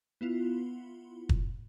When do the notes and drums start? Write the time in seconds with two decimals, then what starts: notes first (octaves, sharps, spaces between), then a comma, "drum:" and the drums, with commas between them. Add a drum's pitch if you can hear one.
0.21 B3 E4 F4
1.29 drum: kick